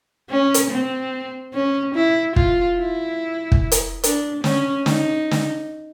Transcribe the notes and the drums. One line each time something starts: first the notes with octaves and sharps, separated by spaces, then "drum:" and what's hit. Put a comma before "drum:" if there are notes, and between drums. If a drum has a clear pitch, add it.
C#4
drum: hi-hat
C4
C#4
E4
F4, drum: kick
E4
drum: kick
drum: hi-hat
D4, drum: hi-hat
C#4, drum: snare
D#4, drum: snare
drum: snare